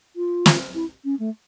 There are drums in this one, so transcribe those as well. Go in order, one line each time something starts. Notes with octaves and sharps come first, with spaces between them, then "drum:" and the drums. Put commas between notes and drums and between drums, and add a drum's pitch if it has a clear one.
F4
drum: snare
E4
C#4
A3